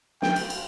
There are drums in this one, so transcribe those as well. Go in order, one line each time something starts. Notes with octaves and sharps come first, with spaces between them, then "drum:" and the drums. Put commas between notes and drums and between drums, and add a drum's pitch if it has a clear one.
G5, drum: snare
drum: cymbal
drum: cymbal